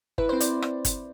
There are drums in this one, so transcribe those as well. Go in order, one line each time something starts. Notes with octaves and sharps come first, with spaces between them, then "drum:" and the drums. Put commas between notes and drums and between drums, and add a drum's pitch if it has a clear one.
E4 B4, drum: kick G1
C5
C4
D5, drum: hi-hat
drum: rim click
drum: kick G1, hi-hat